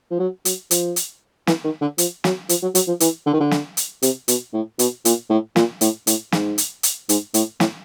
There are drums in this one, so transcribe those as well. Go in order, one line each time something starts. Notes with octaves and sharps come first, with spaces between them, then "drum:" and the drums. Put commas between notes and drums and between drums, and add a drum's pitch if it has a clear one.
F3
F#3
F#3, drum: hi-hat
F3, drum: hi-hat
drum: hi-hat
E3, drum: snare
D#3
D3
F3, drum: hi-hat
F#3, drum: snare
F3, drum: hi-hat
F#3
F#3, drum: hi-hat
F3
E3, drum: hi-hat
D3
D#3
D3
drum: snare
drum: hi-hat
C3, drum: hi-hat
B2, drum: hi-hat
A2
B2, drum: hi-hat
A#2, drum: hi-hat
A2
A#2, drum: snare
A2, drum: hi-hat
A2, drum: hi-hat
G#2, drum: snare
drum: hi-hat
drum: hi-hat
G#2, drum: hi-hat
A2, drum: hi-hat
A2, drum: snare